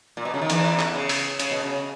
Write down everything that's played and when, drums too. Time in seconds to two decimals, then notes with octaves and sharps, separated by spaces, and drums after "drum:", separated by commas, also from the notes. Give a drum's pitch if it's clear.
0.17 A#2
0.25 B2
0.34 C#3
0.41 D#3
0.50 E2 E3, drum: hi-hat
0.80 drum: clap
0.94 C#3
1.09 drum: open hi-hat
1.40 C#3, drum: hi-hat
1.51 B2
1.63 C#3